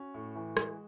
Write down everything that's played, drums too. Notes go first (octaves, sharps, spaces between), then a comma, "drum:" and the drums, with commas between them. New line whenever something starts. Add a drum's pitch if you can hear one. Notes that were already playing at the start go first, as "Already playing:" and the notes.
Already playing: C#4 F#4
A2
E3
G#3, drum: rim click